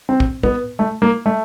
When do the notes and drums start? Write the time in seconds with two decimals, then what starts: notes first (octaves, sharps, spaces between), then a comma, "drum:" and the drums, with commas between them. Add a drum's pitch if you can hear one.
0.09 C4
0.20 drum: kick
0.43 B3, drum: kick
0.79 A3
1.02 A#3
1.26 A3